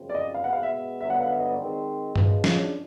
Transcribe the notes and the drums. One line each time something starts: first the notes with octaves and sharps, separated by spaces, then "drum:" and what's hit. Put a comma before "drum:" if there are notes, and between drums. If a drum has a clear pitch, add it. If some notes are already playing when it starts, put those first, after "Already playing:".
Already playing: F#2 C#3 F3 G#3 C4
D5
D#5
F5
B2 G#3 B3 F#5
F5
E5
G2 D3 F#3 B3 D4 E5
F#5
F5
E5
D#5
D5
D#3 G#3 C4
F#2 C#3 F3 G#3 B4, drum: tom G2
F4, drum: snare
C#4
D4